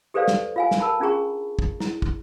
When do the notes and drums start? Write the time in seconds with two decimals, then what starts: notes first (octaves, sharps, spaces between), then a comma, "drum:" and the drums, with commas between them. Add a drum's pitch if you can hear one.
0.14 G4 A4 B4 C5 D5 F5
0.28 drum: snare
0.56 F4 F5 G#5
0.71 drum: snare
0.80 A#4 A5 B5
1.00 C#4 D4 F4 G#4 A#5 C#6
1.59 drum: kick
1.80 E4, drum: snare
2.02 drum: kick